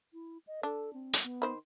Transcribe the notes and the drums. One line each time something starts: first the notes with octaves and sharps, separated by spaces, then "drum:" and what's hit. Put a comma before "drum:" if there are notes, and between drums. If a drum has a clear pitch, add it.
E4
D#5
D4 A4
C4
drum: hi-hat
B3
D#3 C5 B5